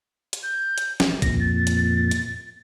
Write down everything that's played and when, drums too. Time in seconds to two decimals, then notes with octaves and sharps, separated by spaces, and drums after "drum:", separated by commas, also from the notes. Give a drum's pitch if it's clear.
0.33 drum: hi-hat
0.43 G6
0.78 drum: hi-hat
1.00 drum: snare
1.22 F2 A#2 A#6, drum: kick A#1, hi-hat
1.40 A6
1.67 drum: hi-hat
2.11 drum: hi-hat